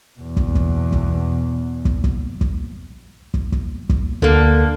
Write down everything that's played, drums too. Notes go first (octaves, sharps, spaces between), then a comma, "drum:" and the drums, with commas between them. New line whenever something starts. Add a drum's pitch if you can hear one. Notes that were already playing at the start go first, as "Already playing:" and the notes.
E2 B2
drum: kick
drum: kick
drum: kick
drum: kick
drum: kick
drum: kick
drum: kick
drum: kick
drum: kick
D2 D3 A#3 A4